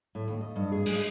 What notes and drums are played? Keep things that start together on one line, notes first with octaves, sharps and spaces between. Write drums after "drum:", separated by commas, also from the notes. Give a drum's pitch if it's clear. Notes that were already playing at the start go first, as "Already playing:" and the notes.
A2
D#2
D#5
G2
G#4
G#3, drum: open hi-hat